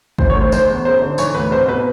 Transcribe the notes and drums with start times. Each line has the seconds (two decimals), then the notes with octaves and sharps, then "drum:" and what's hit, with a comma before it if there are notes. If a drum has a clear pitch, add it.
0.18 E3 C5, drum: kick
0.30 C#5
0.35 D2
0.41 C5
0.52 E3 C5, drum: tambourine
0.69 E2
0.85 F#2 C5
1.02 D3
1.18 E3 C#5, drum: tambourine
1.35 D2 B4
1.51 C2 C5
1.68 B2 B4